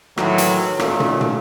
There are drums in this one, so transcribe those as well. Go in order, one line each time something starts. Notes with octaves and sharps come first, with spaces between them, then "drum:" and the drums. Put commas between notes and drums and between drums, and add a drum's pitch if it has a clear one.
A2 D#3 E3 F#3, drum: rim click
drum: hi-hat
A#2 A3 C#4 D#4 F4, drum: rim click
drum: tom
drum: tom